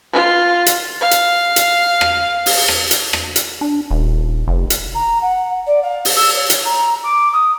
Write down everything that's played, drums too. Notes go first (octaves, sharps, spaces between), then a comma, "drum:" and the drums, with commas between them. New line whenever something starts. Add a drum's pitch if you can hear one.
F4
drum: hi-hat
F5
drum: hi-hat
drum: hi-hat
drum: rim click
drum: open hi-hat
drum: rim click
drum: hi-hat
drum: rim click
drum: hi-hat
D4
D#1
F1
drum: hi-hat
A#5
F#5
D5
F5
drum: open hi-hat
E6
C#5
drum: hi-hat
A#5
D6
D#6